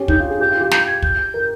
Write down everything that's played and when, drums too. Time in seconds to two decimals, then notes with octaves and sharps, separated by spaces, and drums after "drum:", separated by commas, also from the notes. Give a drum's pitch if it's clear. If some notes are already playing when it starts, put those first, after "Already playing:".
Already playing: C#4 G4
0.08 D#4 G6, drum: kick
0.19 F4
0.30 G#4
0.40 G4 G6
0.50 F4
0.61 G4
0.71 G6, drum: snare
0.87 G#6
1.02 G6, drum: kick
1.34 A#4